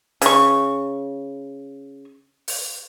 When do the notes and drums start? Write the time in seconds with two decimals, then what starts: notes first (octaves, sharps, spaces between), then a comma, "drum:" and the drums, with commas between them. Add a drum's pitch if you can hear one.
0.22 C#3 C#6, drum: hi-hat
2.48 drum: open hi-hat